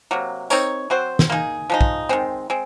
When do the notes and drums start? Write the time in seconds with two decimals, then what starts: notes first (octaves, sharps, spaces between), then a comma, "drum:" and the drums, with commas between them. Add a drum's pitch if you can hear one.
0.11 C3 F#3 A#3
0.50 C4 D#4 A#4 C#5, drum: tambourine
0.90 F#3 C4 F#4 C5
1.19 drum: snare
1.30 A#3 D#4 G#4
1.70 F3 G#3 D#4
1.81 drum: kick
2.09 D#3 G#3 C4
2.50 G#3 C4